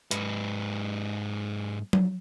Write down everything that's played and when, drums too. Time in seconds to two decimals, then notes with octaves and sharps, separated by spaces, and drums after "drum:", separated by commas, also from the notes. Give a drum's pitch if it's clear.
0.11 G#2 B4, drum: hi-hat
1.93 drum: tom F#3